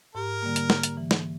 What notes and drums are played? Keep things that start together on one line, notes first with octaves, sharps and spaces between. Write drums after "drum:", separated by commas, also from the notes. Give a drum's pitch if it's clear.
G#2 G4 A#4
D3 G3 A#3
drum: hi-hat
drum: snare
drum: hi-hat
E3
drum: snare